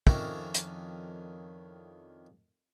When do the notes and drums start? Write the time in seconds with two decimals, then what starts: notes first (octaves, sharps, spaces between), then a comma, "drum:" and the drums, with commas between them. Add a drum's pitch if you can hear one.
0.07 F2 D#3 C#4 D4 E4 A#5, drum: kick
0.54 drum: hi-hat